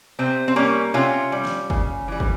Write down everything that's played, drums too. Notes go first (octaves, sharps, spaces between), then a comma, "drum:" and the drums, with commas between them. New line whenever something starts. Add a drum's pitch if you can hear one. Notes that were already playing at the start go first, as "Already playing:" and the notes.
C3 C4
C4
G3 A#3 C#4
C3 C#4 F4
G3
drum: snare
C#3, drum: kick
E3 G3
drum: kick